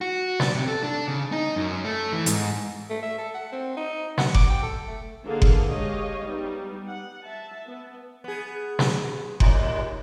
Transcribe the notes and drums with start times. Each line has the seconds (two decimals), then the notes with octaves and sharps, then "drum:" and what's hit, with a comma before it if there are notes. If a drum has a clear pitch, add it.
0.01 F#4
0.40 D5, drum: snare
0.55 C3
0.68 A4
0.83 D4
1.08 C#3
1.32 D#4
1.56 F#2
1.85 A3
2.13 E3
2.26 G#2, drum: hi-hat
2.90 A3
3.02 E5
3.18 A4
3.35 F#5
3.52 C4
3.77 D#4
4.18 F#5, drum: snare
4.34 D6, drum: kick F#1
4.50 G5
4.62 A4
4.87 A3
5.26 D3 E3 A#3 G#4 A4 F5
5.42 drum: kick F#1
5.70 G#3 G4 C#5 D#5 F5
6.24 G3 B3 D#4
6.89 F#5
7.26 E5 A5
7.67 B3
8.24 B3 G#4
8.79 drum: snare
9.40 D#2 A2, drum: kick F#1